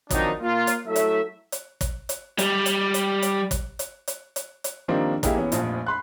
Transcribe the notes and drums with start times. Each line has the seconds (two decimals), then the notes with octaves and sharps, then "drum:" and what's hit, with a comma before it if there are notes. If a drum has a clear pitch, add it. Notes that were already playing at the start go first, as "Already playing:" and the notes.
0.11 D#3 F3 F#3 C4 D4 D#4, drum: kick, hi-hat
0.41 A#3 F4
0.67 drum: hi-hat
0.86 F#3 A3 E4 A4 E5
0.96 drum: hi-hat
1.52 drum: hi-hat
1.81 drum: kick, hi-hat
2.09 drum: hi-hat
2.39 G3, drum: hi-hat
2.66 drum: hi-hat
2.94 drum: hi-hat
3.22 drum: hi-hat
3.51 drum: kick, hi-hat
3.79 drum: hi-hat
4.08 drum: hi-hat
4.36 drum: hi-hat
4.64 drum: hi-hat
4.88 D#3 F3 G3 A#3 C4 D4
5.23 A#3 D#4 E4 G4 G#4 A#4, drum: kick, hi-hat
5.35 E3 B3 C#4
5.52 F1 A#1 F2, drum: hi-hat
5.86 B5 C6 F#6